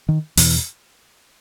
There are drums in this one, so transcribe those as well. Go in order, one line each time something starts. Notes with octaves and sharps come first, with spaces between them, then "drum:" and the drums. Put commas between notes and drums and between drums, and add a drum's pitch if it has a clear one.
D#3
E2 B2 E3, drum: open hi-hat